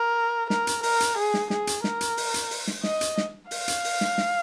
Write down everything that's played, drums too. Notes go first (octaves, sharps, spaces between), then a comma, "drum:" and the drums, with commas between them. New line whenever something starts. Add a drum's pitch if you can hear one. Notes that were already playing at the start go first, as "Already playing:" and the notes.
Already playing: A#4
A#4, drum: snare
drum: hi-hat
A#4, drum: open hi-hat
drum: hi-hat
G#4
drum: snare
G#4, drum: snare
drum: hi-hat
A#4, drum: snare
drum: hi-hat
drum: open hi-hat
drum: hi-hat
drum: open hi-hat
drum: snare
D#5, drum: snare
drum: hi-hat
drum: snare
F5, drum: open hi-hat
drum: hi-hat
drum: open hi-hat
drum: snare
drum: snare